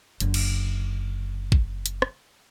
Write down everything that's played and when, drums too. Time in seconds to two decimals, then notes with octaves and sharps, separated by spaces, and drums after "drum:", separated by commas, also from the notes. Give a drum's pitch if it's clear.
0.20 F#1 D3, drum: hi-hat
0.34 drum: cymbal
1.52 drum: kick A1
1.86 drum: hi-hat
2.02 drum: rim click